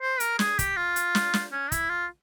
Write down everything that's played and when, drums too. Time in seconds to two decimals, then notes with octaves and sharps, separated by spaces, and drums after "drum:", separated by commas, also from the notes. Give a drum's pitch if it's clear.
0.01 C5
0.20 A#4, drum: hi-hat
0.39 G#4, drum: snare
0.59 G4, drum: kick, hi-hat
0.76 F4
0.96 drum: hi-hat
1.15 drum: snare
1.34 drum: snare
1.52 C#4
1.72 E4, drum: kick, hi-hat
1.89 F4